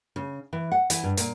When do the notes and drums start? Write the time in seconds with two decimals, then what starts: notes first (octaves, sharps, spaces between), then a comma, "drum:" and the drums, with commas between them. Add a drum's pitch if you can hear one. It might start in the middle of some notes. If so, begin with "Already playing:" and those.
0.16 C#3
0.53 E3
0.72 F#5
0.90 E3, drum: hi-hat
1.03 G2
1.17 A#2, drum: hi-hat